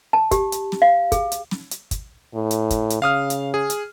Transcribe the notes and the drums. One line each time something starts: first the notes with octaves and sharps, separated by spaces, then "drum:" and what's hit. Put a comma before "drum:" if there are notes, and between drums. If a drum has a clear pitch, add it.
A5
G4, drum: kick, hi-hat
drum: hi-hat
drum: snare
F5
G#4, drum: kick, hi-hat
drum: hi-hat
drum: snare
drum: hi-hat
drum: kick, hi-hat
A2
drum: hi-hat
drum: kick, hi-hat
drum: hi-hat
C#3 F5 D#6 F6
drum: hi-hat
G#4
drum: hi-hat